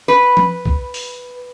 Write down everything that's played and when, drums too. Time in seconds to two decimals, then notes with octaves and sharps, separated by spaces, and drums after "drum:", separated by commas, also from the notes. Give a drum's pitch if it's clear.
0.08 B4
0.37 drum: tom F3
0.65 drum: kick B1
0.94 drum: open hi-hat